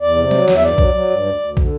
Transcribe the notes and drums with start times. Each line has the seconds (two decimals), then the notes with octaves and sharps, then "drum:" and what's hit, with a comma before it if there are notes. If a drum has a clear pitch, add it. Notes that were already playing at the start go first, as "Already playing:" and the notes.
0.01 E2 D5
0.16 C3
0.31 F#3, drum: tom F#3
0.48 E2, drum: snare
0.57 E5
0.63 G2 D5
0.78 F#3, drum: kick
0.94 F#3
1.10 G2
1.26 D2
1.40 D2
1.57 D3, drum: kick